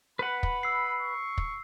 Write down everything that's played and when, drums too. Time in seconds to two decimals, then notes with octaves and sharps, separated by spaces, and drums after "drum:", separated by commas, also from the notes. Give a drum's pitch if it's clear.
0.19 B4 F#5 B5
0.43 drum: kick
0.63 E6 C7
1.01 C#6
1.38 drum: kick